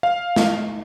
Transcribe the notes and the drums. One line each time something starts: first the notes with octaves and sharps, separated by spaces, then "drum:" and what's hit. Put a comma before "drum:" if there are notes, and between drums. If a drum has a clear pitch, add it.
F5
drum: snare